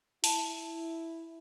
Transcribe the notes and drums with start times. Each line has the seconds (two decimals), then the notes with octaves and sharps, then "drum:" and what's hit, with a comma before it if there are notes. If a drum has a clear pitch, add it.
0.24 E4 A5, drum: open hi-hat